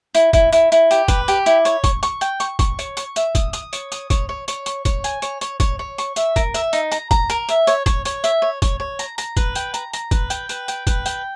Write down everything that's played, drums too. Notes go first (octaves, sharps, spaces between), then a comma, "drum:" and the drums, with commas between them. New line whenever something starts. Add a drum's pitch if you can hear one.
E4, drum: tambourine
E4, drum: kick, tambourine
E4, drum: tambourine
E4, drum: tambourine
G4, drum: tambourine
B4, drum: kick, tambourine
G4, drum: tambourine
E4, drum: tambourine
C#5, drum: tambourine
C#6, drum: kick, tambourine
C#6, drum: tambourine
G5, drum: tambourine
C#6, drum: tambourine
C#6, drum: kick, tambourine
C#5, drum: tambourine
C#6, drum: tambourine
E5, drum: tambourine
D#6, drum: kick, tambourine
D#6, drum: tambourine
C#5, drum: tambourine
D#6, drum: tambourine
C#5, drum: kick, tambourine
C#5
C#5, drum: tambourine
C#6, drum: tambourine
C#5, drum: kick, tambourine
G#5, drum: tambourine
C#5, drum: tambourine
C#5, drum: tambourine
C#5, drum: kick, tambourine
C#5
C#6, drum: tambourine
E5, drum: tambourine
A#4, drum: kick, tambourine
E5, drum: tambourine
D#4, drum: tambourine
A#5, drum: tambourine
A#5, drum: kick, tambourine
A#4, drum: tambourine
E5, drum: tambourine
C#5, drum: tambourine
C#5, drum: kick, tambourine
C#5, drum: tambourine
E5, drum: tambourine
C#5
C#5, drum: kick, tambourine
C#5
A#5, drum: tambourine
A#5, drum: tambourine
B4, drum: kick, tambourine
G5, drum: tambourine
A#5, drum: tambourine
A#5, drum: tambourine
B4, drum: kick, tambourine
G5, drum: tambourine
B4, drum: tambourine
G5, drum: tambourine
B4, drum: kick, tambourine
G5, drum: tambourine